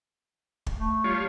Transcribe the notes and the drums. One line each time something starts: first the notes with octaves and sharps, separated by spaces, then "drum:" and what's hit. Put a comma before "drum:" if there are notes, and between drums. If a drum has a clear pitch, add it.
drum: kick
A3
G3 F4 C#5